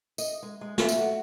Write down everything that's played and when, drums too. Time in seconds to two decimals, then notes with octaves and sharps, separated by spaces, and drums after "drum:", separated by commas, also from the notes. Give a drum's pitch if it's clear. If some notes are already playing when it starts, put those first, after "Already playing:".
0.18 D#5, drum: tambourine
0.43 G#3
0.61 G#3
0.78 A3, drum: snare
0.89 drum: tambourine
0.98 F#4